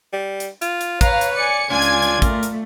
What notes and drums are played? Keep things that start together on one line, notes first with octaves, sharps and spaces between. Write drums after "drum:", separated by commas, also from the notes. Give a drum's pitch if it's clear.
G3
drum: hi-hat
F4, drum: hi-hat
drum: hi-hat
B4 C#5 F5 A#5, drum: kick, hi-hat
drum: hi-hat
D5 G#5 C#7
C#2 D4 F4 D5 G#5 G#6
drum: hi-hat
drum: hi-hat
A3 A#4, drum: kick, hi-hat
drum: hi-hat